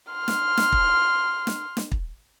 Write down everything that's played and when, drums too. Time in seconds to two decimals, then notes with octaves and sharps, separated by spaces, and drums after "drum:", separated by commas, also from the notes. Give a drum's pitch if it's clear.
0.13 C6 F6
0.28 drum: snare
0.57 drum: snare
0.72 drum: kick
1.47 drum: snare
1.77 drum: snare
1.92 drum: kick